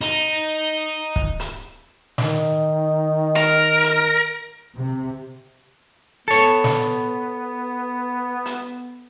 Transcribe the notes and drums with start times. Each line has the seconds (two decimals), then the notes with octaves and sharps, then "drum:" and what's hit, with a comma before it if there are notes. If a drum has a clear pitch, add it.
0.01 D#4, drum: hi-hat
1.16 drum: kick
1.40 drum: hi-hat
2.18 D#3, drum: snare
3.36 A#4, drum: hi-hat
3.83 drum: hi-hat
4.78 C3
6.28 B3 A4 C#5
6.64 drum: snare
8.45 drum: hi-hat